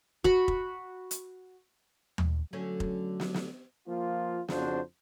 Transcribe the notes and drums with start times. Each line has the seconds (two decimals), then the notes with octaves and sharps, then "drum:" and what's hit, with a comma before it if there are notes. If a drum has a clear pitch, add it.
0.24 F#4 B5, drum: kick
0.48 drum: kick
1.11 drum: hi-hat
2.18 drum: tom D#2
2.53 D3 F#3 A3 C#4
2.80 drum: kick
3.20 drum: snare
3.34 drum: snare
3.88 F3 A#3 F4
4.49 F2 C#3 D4 F#4 C5, drum: snare